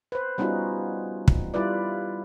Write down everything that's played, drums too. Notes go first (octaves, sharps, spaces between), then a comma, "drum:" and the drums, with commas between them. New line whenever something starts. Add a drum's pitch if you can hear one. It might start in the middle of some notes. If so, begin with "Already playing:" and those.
B4 C5
G3 B3 C#4 D#4 F4 F#4
drum: kick
G3 E4 F4 B4 D5